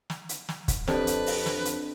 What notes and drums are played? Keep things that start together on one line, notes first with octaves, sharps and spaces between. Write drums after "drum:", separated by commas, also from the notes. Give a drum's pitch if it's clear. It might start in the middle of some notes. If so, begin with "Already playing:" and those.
drum: snare
drum: hi-hat
drum: snare
drum: kick, hi-hat
F2 C4 D4 G4 A4 B4, drum: snare
drum: hi-hat
drum: open hi-hat
drum: snare
drum: hi-hat